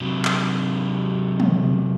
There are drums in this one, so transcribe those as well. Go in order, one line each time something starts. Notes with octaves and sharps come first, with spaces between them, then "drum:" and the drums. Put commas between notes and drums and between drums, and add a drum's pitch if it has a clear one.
C3 F#3
drum: clap
drum: tom